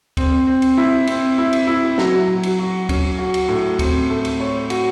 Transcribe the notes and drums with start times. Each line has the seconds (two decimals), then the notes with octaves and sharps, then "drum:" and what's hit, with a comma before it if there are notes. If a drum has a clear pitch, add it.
0.17 C4, drum: kick D2, cymbal
0.47 C4
0.62 drum: cymbal
0.77 E4
1.07 C4, drum: cymbal
1.38 E4
1.53 drum: cymbal
1.67 E4
1.98 F#3, drum: snare
2.28 F#3
2.43 drum: cymbal
2.59 F#4
2.89 C#4, drum: kick D2, cymbal
3.19 F#4
3.34 drum: cymbal
3.48 A2
3.79 C4, drum: kick D2, cymbal
4.10 A3
4.25 drum: cymbal
4.40 C#5
4.70 F#4, drum: cymbal